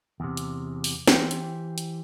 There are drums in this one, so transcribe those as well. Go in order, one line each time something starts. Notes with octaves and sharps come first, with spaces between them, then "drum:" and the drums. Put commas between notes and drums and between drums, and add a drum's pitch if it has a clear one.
E2 C3
drum: hi-hat
drum: open hi-hat
E3 G4 C5 G5, drum: snare
drum: hi-hat
drum: hi-hat